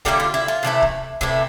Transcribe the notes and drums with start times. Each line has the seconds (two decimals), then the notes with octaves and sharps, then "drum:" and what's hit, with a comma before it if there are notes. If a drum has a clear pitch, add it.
0.05 D3 G3 A#3 E4 G4 A#4, drum: kick
0.20 F4
0.34 E4
0.48 F4
0.63 C3 E3 A3 E4
0.82 drum: kick
1.21 C3 E3 A3 E4, drum: kick